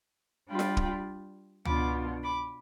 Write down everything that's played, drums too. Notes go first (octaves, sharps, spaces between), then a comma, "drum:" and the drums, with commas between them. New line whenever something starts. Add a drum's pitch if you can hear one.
G3 D4 F4 G5 B5
drum: snare F4
drum: kick
B2 B3 D4 F4 B5 D6, drum: tom
B5 D6